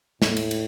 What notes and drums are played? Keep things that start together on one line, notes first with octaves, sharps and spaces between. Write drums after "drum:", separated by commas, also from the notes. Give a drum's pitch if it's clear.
A2, drum: snare
drum: cymbal
drum: cymbal